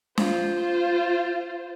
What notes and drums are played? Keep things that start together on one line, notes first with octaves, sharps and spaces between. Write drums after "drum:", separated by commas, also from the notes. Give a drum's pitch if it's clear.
F4 C5, drum: snare